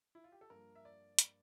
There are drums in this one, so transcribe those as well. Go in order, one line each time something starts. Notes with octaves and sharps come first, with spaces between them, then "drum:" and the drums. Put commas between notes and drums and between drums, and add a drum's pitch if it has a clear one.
E4
F4
G4
A4
G2 F3 A#3 A#4
E5
D5
drum: hi-hat